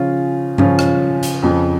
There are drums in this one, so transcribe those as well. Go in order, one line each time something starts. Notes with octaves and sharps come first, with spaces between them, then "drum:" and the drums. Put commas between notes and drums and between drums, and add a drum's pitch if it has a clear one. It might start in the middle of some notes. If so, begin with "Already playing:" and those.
Already playing: C#3 F3 C#4 F4
C#3 F3 C#4 F4, drum: tom G2
drum: rim click
drum: hi-hat
F2 C#3 F3